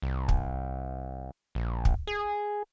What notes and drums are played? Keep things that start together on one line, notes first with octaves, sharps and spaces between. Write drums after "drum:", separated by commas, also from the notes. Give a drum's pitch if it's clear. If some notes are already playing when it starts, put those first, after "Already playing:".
C2
drum: kick
A#1
drum: kick
G#4